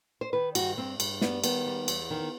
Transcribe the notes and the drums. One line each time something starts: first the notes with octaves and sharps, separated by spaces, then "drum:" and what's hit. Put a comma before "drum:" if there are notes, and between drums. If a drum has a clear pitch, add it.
C5
D#3 B4
G2 F#4, drum: cymbal
G2 C4
G2, drum: cymbal
G3 B3, drum: snare
D#3 B3, drum: cymbal
G3
E2, drum: cymbal
D#3